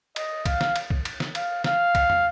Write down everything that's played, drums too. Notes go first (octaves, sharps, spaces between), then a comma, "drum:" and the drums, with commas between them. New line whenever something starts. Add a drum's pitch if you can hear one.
D#5, drum: cymbal
F5, drum: kick B1, cymbal
drum: snare
drum: cymbal
drum: kick B1
drum: cymbal
drum: snare
F5, drum: cymbal
F5, drum: snare
drum: kick B1, cymbal
drum: tom